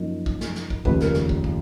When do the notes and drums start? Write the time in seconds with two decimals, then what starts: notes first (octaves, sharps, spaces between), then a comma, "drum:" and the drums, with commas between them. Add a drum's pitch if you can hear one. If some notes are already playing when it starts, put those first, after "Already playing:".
Already playing: F#2 F3 A#3 D#4
0.26 drum: kick
0.41 drum: snare
0.56 drum: snare
0.70 drum: kick
0.85 F1 D#2 C#3 F3 B4, drum: kick
1.00 A#4, drum: snare
1.15 drum: snare
1.29 drum: kick
1.44 drum: kick